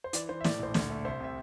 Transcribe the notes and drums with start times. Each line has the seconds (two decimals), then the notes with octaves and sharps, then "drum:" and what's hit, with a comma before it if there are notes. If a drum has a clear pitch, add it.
0.04 C5
0.13 E3 D5, drum: hi-hat
0.29 E3 C5
0.41 E5
0.44 A2 D5, drum: snare
0.59 A#1 C5
0.74 D2 D5, drum: snare
0.90 A3
1.05 C2 C5 E5
1.20 C3 E5